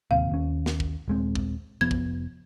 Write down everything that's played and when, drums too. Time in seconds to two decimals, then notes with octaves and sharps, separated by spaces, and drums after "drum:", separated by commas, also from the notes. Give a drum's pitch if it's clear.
0.11 D1 D#2 C3 F5
0.31 D#2 C#4
0.66 drum: snare
0.80 drum: kick
1.08 D#1 G#3 C4
1.35 drum: kick
1.81 F1 F3 B3 G#6
1.91 drum: kick